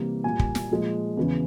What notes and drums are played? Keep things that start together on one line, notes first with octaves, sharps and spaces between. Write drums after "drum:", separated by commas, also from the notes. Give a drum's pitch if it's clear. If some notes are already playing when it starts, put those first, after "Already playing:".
Already playing: C3 E3 G3 A#3
A#2 G3 A#3 G#5
drum: kick
drum: snare
A#2 F3 G#3
E2 C#3 E3